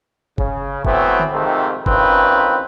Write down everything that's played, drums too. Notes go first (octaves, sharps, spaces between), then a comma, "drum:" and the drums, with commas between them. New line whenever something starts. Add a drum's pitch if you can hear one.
C#3, drum: kick G1
E3 F#3 A3 B3 C4 E4, drum: kick G1
drum: tom D3
F2 G#2 C3 D#3 A3 C4
A1 D#3 C4 C#4 F4 B4, drum: kick G1